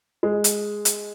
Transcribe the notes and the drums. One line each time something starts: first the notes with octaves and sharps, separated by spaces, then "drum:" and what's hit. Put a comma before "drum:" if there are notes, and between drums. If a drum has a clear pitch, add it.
G#3
drum: hi-hat
drum: hi-hat